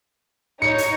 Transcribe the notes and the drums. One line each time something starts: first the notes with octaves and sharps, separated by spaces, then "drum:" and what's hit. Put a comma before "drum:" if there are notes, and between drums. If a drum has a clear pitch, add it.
D#4 C#5 C#7
drum: hi-hat